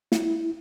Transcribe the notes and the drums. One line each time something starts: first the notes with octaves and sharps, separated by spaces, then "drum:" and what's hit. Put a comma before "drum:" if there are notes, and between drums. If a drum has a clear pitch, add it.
E4, drum: snare